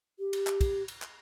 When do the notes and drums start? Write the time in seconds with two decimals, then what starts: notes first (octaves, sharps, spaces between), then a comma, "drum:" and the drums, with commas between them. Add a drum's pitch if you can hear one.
0.19 G4
0.33 drum: cymbal
0.47 drum: clap
0.61 drum: kick, cymbal
0.88 drum: cymbal
1.02 drum: clap